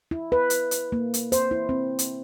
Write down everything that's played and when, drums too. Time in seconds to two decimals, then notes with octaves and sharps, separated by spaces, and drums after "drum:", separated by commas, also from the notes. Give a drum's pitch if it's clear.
0.11 E4
0.32 B4
0.50 drum: hi-hat
0.71 drum: hi-hat
0.92 A#3
1.14 drum: hi-hat
1.32 C5, drum: hi-hat
1.51 E4
1.69 C4
1.99 drum: hi-hat